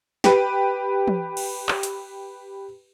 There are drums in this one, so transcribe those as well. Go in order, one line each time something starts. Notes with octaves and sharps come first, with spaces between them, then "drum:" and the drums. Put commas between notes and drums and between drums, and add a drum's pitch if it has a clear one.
G4 B4, drum: snare
drum: tom
drum: cymbal
drum: clap
drum: hi-hat